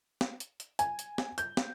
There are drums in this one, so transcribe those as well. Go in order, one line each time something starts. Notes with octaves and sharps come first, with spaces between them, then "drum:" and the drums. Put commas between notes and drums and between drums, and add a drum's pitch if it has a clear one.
drum: snare
drum: hi-hat
drum: hi-hat
G#5, drum: hi-hat
drum: hi-hat
drum: snare
G6, drum: hi-hat
drum: snare